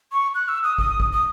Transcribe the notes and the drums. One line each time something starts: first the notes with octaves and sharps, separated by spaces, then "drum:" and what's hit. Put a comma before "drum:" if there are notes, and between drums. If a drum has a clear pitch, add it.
C#6
F#6
E6
D#6
D#6, drum: kick
drum: kick
D#6